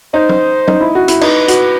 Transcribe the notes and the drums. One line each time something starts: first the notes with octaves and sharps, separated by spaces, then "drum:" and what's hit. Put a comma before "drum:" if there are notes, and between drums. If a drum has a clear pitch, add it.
D#4 C5
drum: tom
D#4, drum: tom
E4
F#4
E4, drum: hi-hat
D#4 B4, drum: cymbal
F#4, drum: hi-hat